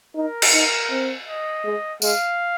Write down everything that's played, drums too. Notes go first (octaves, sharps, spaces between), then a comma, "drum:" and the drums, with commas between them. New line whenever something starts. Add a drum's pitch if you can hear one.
D#4 A#4
drum: cymbal
D#4
C4
D#5
G#3
G#3 F5, drum: tambourine